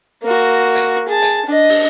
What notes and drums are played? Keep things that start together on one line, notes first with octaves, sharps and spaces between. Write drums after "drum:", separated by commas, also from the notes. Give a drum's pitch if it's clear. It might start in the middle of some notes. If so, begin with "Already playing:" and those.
A#3 F#4
drum: hi-hat
G#4 A5
drum: hi-hat
D4 D#5
drum: open hi-hat